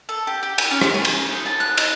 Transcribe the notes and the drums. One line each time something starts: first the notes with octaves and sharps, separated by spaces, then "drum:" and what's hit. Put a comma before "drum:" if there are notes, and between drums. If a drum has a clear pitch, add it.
A4
G4
G4
G#5, drum: cymbal
C#4
drum: rim click
G#5
drum: cymbal
D#4
A5
F#6
D#5, drum: cymbal